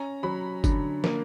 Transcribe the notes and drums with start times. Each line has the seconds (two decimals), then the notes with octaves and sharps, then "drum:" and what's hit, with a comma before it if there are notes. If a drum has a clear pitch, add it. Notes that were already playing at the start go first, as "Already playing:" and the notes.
Already playing: C#4 A#5
0.23 F#3 B5
0.64 D3, drum: kick F#1, tambourine
1.04 A#3, drum: snare